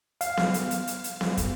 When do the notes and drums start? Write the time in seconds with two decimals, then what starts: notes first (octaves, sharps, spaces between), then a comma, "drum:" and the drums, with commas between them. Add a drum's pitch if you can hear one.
0.21 F5, drum: hi-hat
0.37 drum: snare B3
0.54 drum: hi-hat
0.71 drum: hi-hat
0.87 drum: hi-hat
1.04 drum: hi-hat
1.21 drum: snare B3
1.37 drum: kick, hi-hat